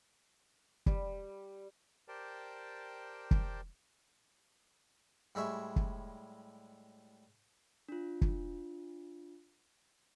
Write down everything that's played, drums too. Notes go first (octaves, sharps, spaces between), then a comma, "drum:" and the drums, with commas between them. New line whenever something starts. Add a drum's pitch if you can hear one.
G3, drum: kick
G4 A#4 C5 D5 G5 A5
drum: kick
A2 G3 G#3 E5 C#6
drum: kick
D4 F4
drum: kick